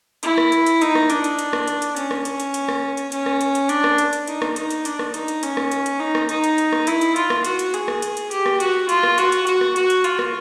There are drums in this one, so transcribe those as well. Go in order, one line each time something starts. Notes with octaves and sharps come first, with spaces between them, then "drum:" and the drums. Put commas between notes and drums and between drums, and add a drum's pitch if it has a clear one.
E4, drum: hi-hat
drum: rim click
drum: hi-hat
drum: hi-hat
D#4, drum: hi-hat
drum: rim click
D4, drum: hi-hat
drum: hi-hat
drum: hi-hat
drum: rim click
drum: hi-hat
drum: hi-hat
C#4, drum: hi-hat
drum: rim click
drum: hi-hat
drum: hi-hat
drum: hi-hat
drum: rim click
drum: hi-hat
C#4, drum: hi-hat
drum: rim click
drum: hi-hat
drum: hi-hat
D4, drum: hi-hat
drum: rim click
drum: hi-hat
drum: hi-hat
D#4, drum: hi-hat
drum: rim click
D#4, drum: hi-hat
drum: hi-hat
D4, drum: hi-hat
drum: rim click
D#4, drum: hi-hat
drum: hi-hat
C#4, drum: hi-hat
drum: rim click
drum: hi-hat
drum: hi-hat
D#4
drum: rim click
D#4, drum: hi-hat
drum: hi-hat
drum: hi-hat
drum: rim click
E4, drum: hi-hat
drum: hi-hat
F4, drum: hi-hat
drum: rim click
F#4, drum: hi-hat
drum: hi-hat
G#4, drum: hi-hat
drum: rim click
drum: hi-hat
drum: hi-hat
G4, drum: hi-hat
drum: rim click
F#4, drum: hi-hat
F4, drum: hi-hat
drum: rim click
F#4, drum: hi-hat
drum: hi-hat
F#4, drum: hi-hat
drum: rim click
F#4, drum: hi-hat
drum: hi-hat
F4, drum: hi-hat
drum: rim click